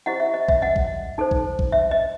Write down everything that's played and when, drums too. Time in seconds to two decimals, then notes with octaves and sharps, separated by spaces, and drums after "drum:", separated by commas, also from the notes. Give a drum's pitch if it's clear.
0.06 E4 G4 C5 D#5 F#5
0.20 E5
0.34 D#5
0.48 E5, drum: kick A#1
0.62 D#5 F#5
0.76 drum: kick A#1
1.18 D#4 A4 C5
1.31 drum: kick A#1
1.59 drum: kick A#1
1.72 E5
1.91 D#5